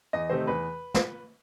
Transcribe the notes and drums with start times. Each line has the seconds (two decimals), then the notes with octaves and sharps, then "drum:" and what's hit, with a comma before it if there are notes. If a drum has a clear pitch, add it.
0.13 E2 D#5
0.30 C3 D#3 A3 D#4 C5
0.47 E2 B4
0.94 drum: snare